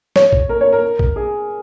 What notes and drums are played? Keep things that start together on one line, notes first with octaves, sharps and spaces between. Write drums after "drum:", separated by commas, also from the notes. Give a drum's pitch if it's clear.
C#5, drum: snare
drum: kick A#1
A#4
C#5
A#4
drum: kick A#1
G#4